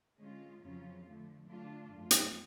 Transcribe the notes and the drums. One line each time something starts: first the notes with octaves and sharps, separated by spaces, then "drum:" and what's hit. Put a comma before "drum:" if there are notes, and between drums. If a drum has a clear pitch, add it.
D3 G#3 C#4 F4
F2 C#3 F#3 C#4 F4
D3 F3 A3
D3 F#3 A3 D4 F4
F#2 F3 A3 F4
drum: hi-hat